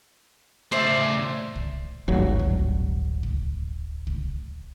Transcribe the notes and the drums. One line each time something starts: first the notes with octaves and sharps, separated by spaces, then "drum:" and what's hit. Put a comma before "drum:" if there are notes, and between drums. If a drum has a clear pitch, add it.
A2 C#3 C5 D5 E5
drum: kick
D1 G#1 G2 F#3
drum: kick
drum: kick
drum: kick